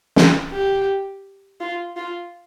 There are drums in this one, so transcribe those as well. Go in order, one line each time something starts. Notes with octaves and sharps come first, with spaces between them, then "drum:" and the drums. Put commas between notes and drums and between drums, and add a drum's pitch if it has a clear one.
drum: snare
G4
F4
F4